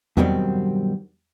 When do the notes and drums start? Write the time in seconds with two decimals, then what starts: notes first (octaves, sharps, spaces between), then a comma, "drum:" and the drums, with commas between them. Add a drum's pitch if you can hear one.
0.17 G2 B2 D#3 F#3 G3 C4, drum: tom E2